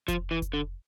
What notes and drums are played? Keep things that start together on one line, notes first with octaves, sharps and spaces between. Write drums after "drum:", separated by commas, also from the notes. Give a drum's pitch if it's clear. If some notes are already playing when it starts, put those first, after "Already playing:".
F3, drum: kick F1, hi-hat
E3
drum: kick F1, hi-hat
D3